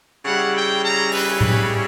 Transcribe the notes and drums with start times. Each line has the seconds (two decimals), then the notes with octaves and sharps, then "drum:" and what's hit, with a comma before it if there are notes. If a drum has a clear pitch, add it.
0.25 C#3 G3 C#4 E4 F#5
0.54 G5
0.83 A#5
1.12 B4, drum: open hi-hat
1.41 B4, drum: tom A2